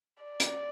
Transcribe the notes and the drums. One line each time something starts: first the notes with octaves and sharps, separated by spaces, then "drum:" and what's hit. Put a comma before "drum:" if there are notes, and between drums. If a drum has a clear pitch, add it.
D5
drum: hi-hat